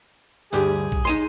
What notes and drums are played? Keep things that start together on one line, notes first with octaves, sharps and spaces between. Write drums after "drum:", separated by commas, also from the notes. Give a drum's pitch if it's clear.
D2 G2 G4 G#4, drum: tambourine
drum: kick A#1
D#4 G#5 C6